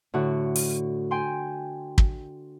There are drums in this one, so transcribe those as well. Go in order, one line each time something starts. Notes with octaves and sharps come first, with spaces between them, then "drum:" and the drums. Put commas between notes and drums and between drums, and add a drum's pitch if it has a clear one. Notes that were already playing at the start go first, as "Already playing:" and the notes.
A2 D3 F#4
drum: open hi-hat
G5 G#5 C6
drum: kick